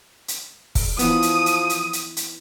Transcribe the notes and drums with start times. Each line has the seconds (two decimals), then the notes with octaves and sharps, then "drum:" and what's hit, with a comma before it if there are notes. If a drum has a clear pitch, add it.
0.28 drum: hi-hat
0.75 drum: kick, open hi-hat
0.99 E3 F3 B3 D#6, drum: hi-hat
1.22 drum: hi-hat
1.46 drum: hi-hat
1.69 drum: hi-hat
1.93 drum: hi-hat
2.17 drum: hi-hat